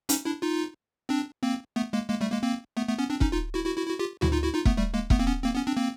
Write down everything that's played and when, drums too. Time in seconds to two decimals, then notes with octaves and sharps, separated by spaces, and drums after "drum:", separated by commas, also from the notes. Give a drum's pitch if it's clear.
0.09 C#4 D#4, drum: hi-hat
0.25 D4 E4
0.42 D#4 F4
1.09 C4 D4
1.43 A#3 C4
1.76 A3 B3
1.93 G#3 A#3
2.09 G#3 A#3
2.21 G3 A3
2.32 G#3 A#3
2.43 A#3 C4
2.77 A3 B3
2.88 A3 B3
2.99 B3 C#4
3.10 C4 D4
3.21 C#4 D#4, drum: kick E1
3.32 D#4 F4
3.54 E4 F#4
3.65 E4 F#4
3.77 E4 F#4
3.88 E4 F#4
3.99 F4 G4
4.22 E4 F#4, drum: tom D2
4.32 D#4 F4
4.43 E4 F#4
4.54 D#4 F4
4.65 A3 B3, drum: kick E1
4.77 G3 A3
4.94 G#3 A#3
5.10 A3 B3, drum: kick E1
5.19 A#3 C4
5.27 B3 C#4
5.44 A#3 C4
5.55 B3 C#4
5.67 C4 D4
5.77 A#3 C4